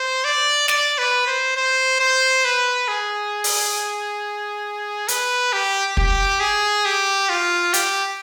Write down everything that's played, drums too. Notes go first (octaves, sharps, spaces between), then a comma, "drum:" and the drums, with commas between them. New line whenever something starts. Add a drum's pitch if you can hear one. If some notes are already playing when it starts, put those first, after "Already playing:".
Already playing: C5
D5
D5, drum: snare
B4
C5
C5
C5
B4
G#4
drum: open hi-hat
B4, drum: hi-hat
G4
G4, drum: kick
G#4
G4
F4
G4, drum: hi-hat